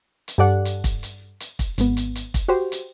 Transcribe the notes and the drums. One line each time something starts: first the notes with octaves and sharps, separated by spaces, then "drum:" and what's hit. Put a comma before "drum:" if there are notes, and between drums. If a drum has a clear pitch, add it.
drum: hi-hat
G2 G4 A4 D5 F#5 F#6
drum: hi-hat
drum: kick, hi-hat
drum: hi-hat
drum: hi-hat
drum: kick, hi-hat
G#1 B3, drum: hi-hat
drum: hi-hat
drum: hi-hat
drum: kick, hi-hat
F#4 G4 C5
drum: hi-hat